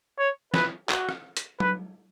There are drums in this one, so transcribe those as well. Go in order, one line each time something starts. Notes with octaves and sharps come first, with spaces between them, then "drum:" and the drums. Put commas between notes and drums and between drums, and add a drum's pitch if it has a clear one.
C#5
B4, drum: snare
F#4, drum: clap
drum: rim click
drum: hi-hat
B4, drum: tom F#3